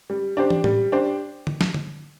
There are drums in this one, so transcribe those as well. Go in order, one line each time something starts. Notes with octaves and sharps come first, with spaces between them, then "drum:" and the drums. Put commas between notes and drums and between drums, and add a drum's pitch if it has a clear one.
G3
D4 G4 C5
drum: tom
G3, drum: tom A2
D4 G4 C5
drum: tom D3
drum: snare
drum: tom D3